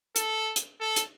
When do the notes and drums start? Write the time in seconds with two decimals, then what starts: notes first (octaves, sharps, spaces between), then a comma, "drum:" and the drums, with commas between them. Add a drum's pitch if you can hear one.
0.16 A4, drum: hi-hat
0.56 drum: hi-hat
0.80 A4
0.96 drum: hi-hat